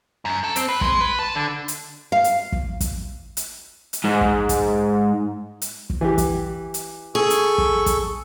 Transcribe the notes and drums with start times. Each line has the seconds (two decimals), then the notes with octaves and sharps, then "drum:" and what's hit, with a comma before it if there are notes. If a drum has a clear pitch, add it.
0.25 F#2
0.44 A4
0.56 C4, drum: hi-hat
0.69 B4
0.81 G#3, drum: kick
1.01 B4
1.19 A5
1.35 D3
1.68 drum: hi-hat
2.12 F5
2.24 drum: hi-hat
2.52 drum: kick
2.80 drum: kick, hi-hat
3.37 drum: hi-hat
3.93 drum: hi-hat
4.04 G#2
4.21 drum: kick
4.49 drum: kick, hi-hat
5.62 drum: hi-hat
5.90 drum: kick
6.01 E3 G4
6.18 drum: kick, hi-hat
6.74 drum: hi-hat
7.15 G#4 A4 C#6
7.30 drum: hi-hat
7.58 drum: kick
7.86 drum: kick, hi-hat